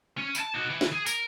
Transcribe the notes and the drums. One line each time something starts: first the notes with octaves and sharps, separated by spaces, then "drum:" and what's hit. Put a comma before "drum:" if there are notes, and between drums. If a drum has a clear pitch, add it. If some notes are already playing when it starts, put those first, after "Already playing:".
C#4
E4 A5, drum: tambourine
D#4 F#4
E3
drum: snare
G#4
A#4, drum: tambourine